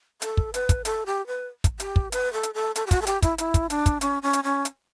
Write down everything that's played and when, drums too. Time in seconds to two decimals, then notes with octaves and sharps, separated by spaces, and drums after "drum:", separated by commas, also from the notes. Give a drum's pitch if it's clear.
0.22 A4, drum: hi-hat
0.37 drum: kick
0.54 B4, drum: hi-hat
0.69 drum: kick, hi-hat
0.85 A4, drum: hi-hat
1.06 G4
1.27 B4
1.64 drum: kick, hi-hat
1.80 G4, drum: hi-hat
1.96 drum: kick
2.12 B4, drum: hi-hat
2.33 A4
2.43 drum: hi-hat
2.54 A4
2.76 A4, drum: hi-hat
2.87 G4
2.91 F#4, drum: kick, hi-hat
3.02 A4
3.07 G4, drum: hi-hat
3.22 E4, drum: kick, hi-hat
3.38 E4, drum: hi-hat
3.54 drum: kick, hi-hat
3.70 D4, drum: hi-hat
3.86 drum: kick, hi-hat
4.01 C#4, drum: hi-hat
4.23 C#4
4.33 drum: hi-hat
4.44 C#4
4.65 drum: hi-hat